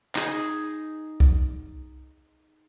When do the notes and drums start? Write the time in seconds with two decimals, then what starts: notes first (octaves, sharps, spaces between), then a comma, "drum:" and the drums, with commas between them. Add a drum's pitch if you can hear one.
0.15 D#4 G#4, drum: clap
1.20 drum: kick C2